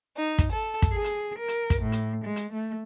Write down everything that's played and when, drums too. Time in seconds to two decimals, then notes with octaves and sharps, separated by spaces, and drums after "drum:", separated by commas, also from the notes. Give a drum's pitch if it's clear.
0.16 D#4
0.38 drum: kick, hi-hat
0.52 A4
0.82 drum: kick, hi-hat
0.92 G#4
1.04 drum: hi-hat
1.36 A#4
1.48 drum: hi-hat
1.70 drum: kick, hi-hat
1.81 A2
1.92 drum: hi-hat
2.23 G#3
2.36 drum: hi-hat
2.52 A3